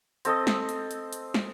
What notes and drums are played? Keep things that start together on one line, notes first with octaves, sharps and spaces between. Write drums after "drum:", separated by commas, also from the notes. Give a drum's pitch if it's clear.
C4 A4 D#5 D#6, drum: hi-hat
drum: snare
drum: hi-hat
drum: hi-hat
drum: hi-hat
drum: snare